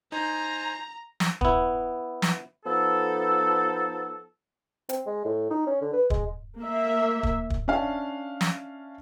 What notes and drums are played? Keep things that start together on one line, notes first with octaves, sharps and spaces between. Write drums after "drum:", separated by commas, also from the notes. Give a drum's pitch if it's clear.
D#4 C5 G#5 A#5
drum: snare
B3 E4, drum: kick
drum: snare
F3 B3 D#4 A4
C4, drum: hi-hat
G#3
A2
D#4
C#4
D3
B4
G#3, drum: kick
A#3 E5
drum: kick
drum: kick
C#4 D4 E5 F5
drum: snare